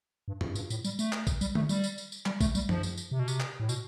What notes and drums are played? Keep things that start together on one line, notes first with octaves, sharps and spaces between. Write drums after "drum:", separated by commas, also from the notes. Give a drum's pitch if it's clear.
G2
F2, drum: tom F#2
G2, drum: tambourine
A2, drum: tambourine
G3, drum: tambourine
A3, drum: tambourine
drum: clap
drum: kick A#1, tambourine
G3, drum: tambourine
A3, drum: tom
G3, drum: tambourine
drum: tambourine
drum: tambourine
drum: tambourine
G3, drum: clap
A3, drum: kick A#1, tambourine
G3, drum: tambourine
F3, drum: tom F#2
drum: tambourine
drum: tambourine
C3
B2
C3, drum: tambourine
drum: clap
A2
B2, drum: tambourine